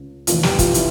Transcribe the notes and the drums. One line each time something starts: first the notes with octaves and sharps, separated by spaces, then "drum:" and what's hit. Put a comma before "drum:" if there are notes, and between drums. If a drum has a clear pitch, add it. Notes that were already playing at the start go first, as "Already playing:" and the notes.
Already playing: C#2 C#3
F1 E2 E3 F4, drum: hi-hat
G4, drum: snare
F4, drum: kick, hi-hat
E4, drum: hi-hat